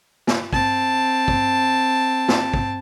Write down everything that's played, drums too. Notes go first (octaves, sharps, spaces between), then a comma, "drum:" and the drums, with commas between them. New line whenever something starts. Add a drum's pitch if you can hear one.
drum: snare
C4 A5, drum: kick
drum: kick
drum: snare
drum: kick